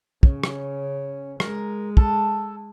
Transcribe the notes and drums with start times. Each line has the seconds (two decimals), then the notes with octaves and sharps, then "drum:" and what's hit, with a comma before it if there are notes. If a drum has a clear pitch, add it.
0.23 C#3 C#4, drum: kick
0.44 drum: rim click
1.40 G#3 A#4, drum: rim click
1.97 A4, drum: kick